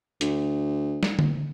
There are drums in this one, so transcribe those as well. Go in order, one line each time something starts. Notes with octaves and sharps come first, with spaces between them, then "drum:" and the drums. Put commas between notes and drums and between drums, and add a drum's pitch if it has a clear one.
D2, drum: hi-hat
drum: snare
drum: tom D3